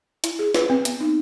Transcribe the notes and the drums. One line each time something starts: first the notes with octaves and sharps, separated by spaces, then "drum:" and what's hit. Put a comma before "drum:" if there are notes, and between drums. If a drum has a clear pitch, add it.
E4, drum: hi-hat
G#4
B4, drum: snare
C4
B3, drum: hi-hat
D#4